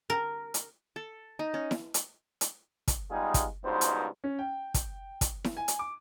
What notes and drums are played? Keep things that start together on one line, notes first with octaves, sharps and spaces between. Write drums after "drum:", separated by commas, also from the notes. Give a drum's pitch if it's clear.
A#4
drum: hi-hat
A4
D#4
C#4
drum: snare E4
drum: hi-hat
drum: hi-hat
drum: kick, hi-hat
G3 G#3 B3 D#4 F4 G#4
drum: kick, hi-hat
C#2 G2 B2 D#4 C5
drum: hi-hat
C#4
G5
drum: kick, hi-hat
drum: kick, hi-hat
drum: snare E4
G#5
drum: hi-hat
D6